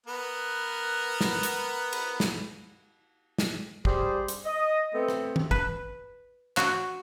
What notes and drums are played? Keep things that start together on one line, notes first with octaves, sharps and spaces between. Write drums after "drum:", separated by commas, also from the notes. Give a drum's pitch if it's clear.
B3 A#4 B4
drum: snare
drum: hi-hat
drum: cymbal
drum: snare
drum: snare
G3 G#4 C5, drum: kick
drum: hi-hat
D#5
A3 B3 C4
drum: rim click
drum: tom
B4, drum: kick
F#4, drum: clap